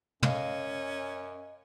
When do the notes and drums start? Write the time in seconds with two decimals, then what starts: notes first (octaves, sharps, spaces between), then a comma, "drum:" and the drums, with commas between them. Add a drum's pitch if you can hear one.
0.23 F#2 C#4 D#5 F5 G#5, drum: tom